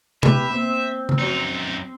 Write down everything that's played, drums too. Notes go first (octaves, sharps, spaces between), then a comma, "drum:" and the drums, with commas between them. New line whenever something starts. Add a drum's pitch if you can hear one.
B3 G4 B4 E5, drum: tom C3
A#3 C4
drum: tom C#3
F#2 F3 D#4 F#4